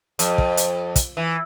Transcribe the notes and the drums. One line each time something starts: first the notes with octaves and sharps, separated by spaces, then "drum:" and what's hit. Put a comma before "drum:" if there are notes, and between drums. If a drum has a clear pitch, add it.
F2, drum: hi-hat
drum: kick
drum: hi-hat
drum: kick, hi-hat
E3